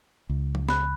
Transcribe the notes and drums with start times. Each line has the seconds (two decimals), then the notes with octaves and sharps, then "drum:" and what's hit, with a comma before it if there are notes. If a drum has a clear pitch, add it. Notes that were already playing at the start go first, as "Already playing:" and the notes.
0.29 C#2
0.55 drum: tom
0.69 B5 F#6, drum: snare